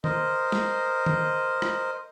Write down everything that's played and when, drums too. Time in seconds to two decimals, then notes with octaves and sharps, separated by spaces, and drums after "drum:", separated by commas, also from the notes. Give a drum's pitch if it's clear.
0.04 A#4 C5 D#5, drum: tom D3
0.52 drum: snare
1.06 drum: tom D3
1.62 drum: rim click